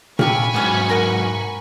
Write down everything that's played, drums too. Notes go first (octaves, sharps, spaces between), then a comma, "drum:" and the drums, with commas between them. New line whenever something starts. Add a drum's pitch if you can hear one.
F4 G4 A4 G#5 B5 C#6, drum: tom A#2
G#2 F#3 B3 C#4 C#5
A#4 F#5